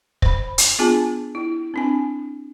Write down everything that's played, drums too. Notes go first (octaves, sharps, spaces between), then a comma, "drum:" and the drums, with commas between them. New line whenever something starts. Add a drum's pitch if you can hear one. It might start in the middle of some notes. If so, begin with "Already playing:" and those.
C5 B5, drum: kick
drum: hi-hat
B3 D4 F4 G#4 G#5 A5
E4
C4 D4 G#5